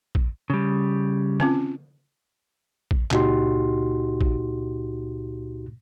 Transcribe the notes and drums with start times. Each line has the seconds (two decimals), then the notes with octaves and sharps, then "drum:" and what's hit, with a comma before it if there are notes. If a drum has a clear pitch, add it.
0.15 drum: kick
0.50 C#3 G3
1.40 C4 C#4 F4, drum: tom C#3
2.91 drum: kick
3.11 C#2 A#2 D#4 F#4 G4 C6, drum: clap
4.21 drum: kick